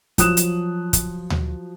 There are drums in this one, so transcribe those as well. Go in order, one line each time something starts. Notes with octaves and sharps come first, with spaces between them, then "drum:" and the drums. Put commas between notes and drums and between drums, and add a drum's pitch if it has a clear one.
F3 F#3 D#6 F#6 E7, drum: kick, hi-hat
drum: hi-hat
drum: kick, hi-hat
drum: tom D2